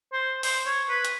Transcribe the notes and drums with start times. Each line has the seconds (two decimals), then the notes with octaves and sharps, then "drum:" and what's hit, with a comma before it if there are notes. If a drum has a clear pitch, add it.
0.13 C5
0.43 C5, drum: open hi-hat
0.66 C#5
0.89 B4
1.05 drum: hi-hat